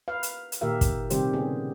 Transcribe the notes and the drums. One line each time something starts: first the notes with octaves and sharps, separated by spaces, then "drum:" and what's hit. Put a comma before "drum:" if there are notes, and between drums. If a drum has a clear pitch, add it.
B4 F5
drum: hi-hat
drum: hi-hat
A#2 D#3 G4 A#4 E5 F5
drum: kick, hi-hat
C3 D#3 G3 G4 C5, drum: hi-hat
C#3 B3 G#4